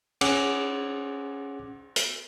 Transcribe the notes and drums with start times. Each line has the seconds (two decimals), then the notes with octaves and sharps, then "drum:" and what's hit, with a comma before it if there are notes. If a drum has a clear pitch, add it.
0.21 C#4 G#4 F#5 D6, drum: cymbal
1.96 drum: hi-hat